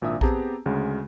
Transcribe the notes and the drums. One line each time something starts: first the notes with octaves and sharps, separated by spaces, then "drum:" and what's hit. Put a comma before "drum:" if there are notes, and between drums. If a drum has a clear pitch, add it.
G#1 A#2 D4 E5 D#6
B3 C4 G4 G#4 A5 A#5, drum: kick A#1
D2 C#3 G#3